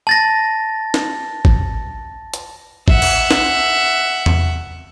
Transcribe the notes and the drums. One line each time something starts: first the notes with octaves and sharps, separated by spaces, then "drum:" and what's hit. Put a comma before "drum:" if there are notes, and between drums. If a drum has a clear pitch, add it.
A5 A6 A#6
drum: snare
drum: kick G1
drum: hi-hat
E5 F#5, drum: kick G1
drum: cymbal
drum: snare
drum: tom E2